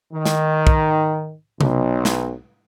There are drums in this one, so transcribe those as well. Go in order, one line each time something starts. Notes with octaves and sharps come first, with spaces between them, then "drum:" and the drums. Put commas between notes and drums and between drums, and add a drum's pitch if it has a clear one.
D#3
drum: snare
drum: kick
B1, drum: tom C3
drum: snare